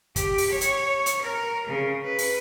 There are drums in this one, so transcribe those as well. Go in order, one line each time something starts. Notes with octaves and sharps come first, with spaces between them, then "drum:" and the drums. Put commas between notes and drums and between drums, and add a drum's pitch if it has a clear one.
G4, drum: kick, hi-hat
drum: open hi-hat
C#5
drum: hi-hat
drum: hi-hat
A#4
C#3
B4
drum: open hi-hat